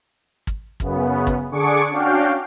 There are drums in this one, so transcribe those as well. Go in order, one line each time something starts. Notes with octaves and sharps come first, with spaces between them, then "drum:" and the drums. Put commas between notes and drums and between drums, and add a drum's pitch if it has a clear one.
drum: kick
F#2 C#3 B3, drum: kick
drum: kick
D3 D4 G#4 C#6 D6 C#7
C#4 D4 F#4 F5 G5